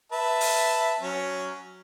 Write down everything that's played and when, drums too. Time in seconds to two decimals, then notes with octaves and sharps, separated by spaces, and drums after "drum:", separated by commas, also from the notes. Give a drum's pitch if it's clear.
0.12 B4 E5 A5
0.41 drum: open hi-hat
1.01 F#3 C#4